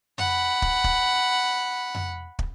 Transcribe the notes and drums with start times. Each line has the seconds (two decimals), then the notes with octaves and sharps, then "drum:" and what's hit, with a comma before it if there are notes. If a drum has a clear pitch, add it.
0.18 F#5 B5, drum: tom F2
0.62 drum: kick
0.84 drum: kick
1.95 drum: tom F2
2.39 drum: kick